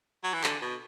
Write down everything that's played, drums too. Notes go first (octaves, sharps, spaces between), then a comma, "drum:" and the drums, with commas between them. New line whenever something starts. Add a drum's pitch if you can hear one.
F#3
E3
D3, drum: clap
B2